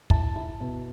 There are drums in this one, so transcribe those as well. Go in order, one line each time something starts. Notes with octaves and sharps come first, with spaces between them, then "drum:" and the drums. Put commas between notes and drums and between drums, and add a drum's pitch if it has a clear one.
E4 A5, drum: kick
E4
B2